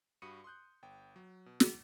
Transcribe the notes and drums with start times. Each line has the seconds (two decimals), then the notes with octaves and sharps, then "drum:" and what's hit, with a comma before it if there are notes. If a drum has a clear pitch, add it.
0.22 G2 F#4 B5 D#6 C#7 D#7
0.44 C6 D#6 F#6 G6
0.83 G1 G5
1.16 F#3
1.46 B2
1.60 drum: snare